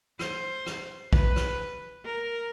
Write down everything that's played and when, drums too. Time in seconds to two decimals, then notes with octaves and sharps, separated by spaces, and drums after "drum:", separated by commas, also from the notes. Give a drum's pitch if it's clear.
0.19 C5, drum: rim click
0.66 drum: rim click
1.13 B4, drum: kick A#1
1.36 drum: rim click
2.06 A#4